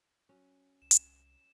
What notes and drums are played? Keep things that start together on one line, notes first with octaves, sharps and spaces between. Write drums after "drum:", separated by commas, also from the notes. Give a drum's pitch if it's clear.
F#3 C#4
C2 E7
drum: hi-hat